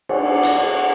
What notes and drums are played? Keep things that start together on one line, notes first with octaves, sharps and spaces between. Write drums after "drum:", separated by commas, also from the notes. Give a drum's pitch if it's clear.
A3 D5 F#5, drum: cymbal
D4 D5 F#5
drum: hi-hat
A3 D5 F#5